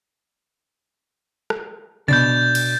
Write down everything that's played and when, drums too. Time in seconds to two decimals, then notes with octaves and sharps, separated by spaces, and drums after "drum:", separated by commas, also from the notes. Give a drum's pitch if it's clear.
1.50 drum: rim click
2.08 B2 D4 G6 A6, drum: tom C3
2.55 drum: cymbal